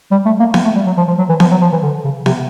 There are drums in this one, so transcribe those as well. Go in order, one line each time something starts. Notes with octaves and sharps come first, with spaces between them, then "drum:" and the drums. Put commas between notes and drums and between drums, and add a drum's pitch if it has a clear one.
G3
A3
A#3
A#3, drum: snare B3
A3
G3
F#3
F3
F3
F#3
E3
F3, drum: snare B3
F#3
F3
E3
D3
C#3
C3, drum: snare B3